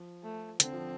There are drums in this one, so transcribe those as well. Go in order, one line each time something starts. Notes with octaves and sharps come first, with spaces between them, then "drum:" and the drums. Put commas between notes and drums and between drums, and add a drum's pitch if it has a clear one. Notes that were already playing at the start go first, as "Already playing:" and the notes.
Already playing: F3
A3
D3 C4, drum: hi-hat
F3